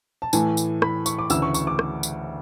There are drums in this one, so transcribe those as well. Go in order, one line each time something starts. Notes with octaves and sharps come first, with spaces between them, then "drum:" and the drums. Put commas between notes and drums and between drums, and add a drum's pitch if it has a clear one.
A5
A2 E3 A3 G#5, drum: tambourine
drum: tambourine
B5, drum: rim click
C#6, drum: tambourine
D6
D2 C#3 E3 E6, drum: tambourine
C#6
C#6, drum: tambourine
D6
drum: rim click
drum: tambourine